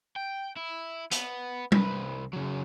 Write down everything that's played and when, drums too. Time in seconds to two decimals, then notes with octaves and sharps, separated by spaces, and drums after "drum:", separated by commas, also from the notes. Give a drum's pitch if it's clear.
0.16 G5
0.56 E4
1.11 B3, drum: hi-hat
1.72 C2 B4, drum: tom G3
2.33 C#3 F#3